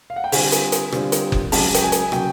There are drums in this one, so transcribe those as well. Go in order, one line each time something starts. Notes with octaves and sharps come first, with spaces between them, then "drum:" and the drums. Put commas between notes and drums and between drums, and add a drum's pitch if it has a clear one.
F5
F#5
G5
D3 G3 C4 F4 G#5, drum: open hi-hat
drum: hi-hat
drum: hi-hat
D3 G3 C4 F4, drum: rim click
drum: hi-hat
drum: kick F#1
C#2 C#3 F#3 A5, drum: open hi-hat
G5, drum: hi-hat
G#5
drum: hi-hat
C#3 F#3 G5, drum: rim click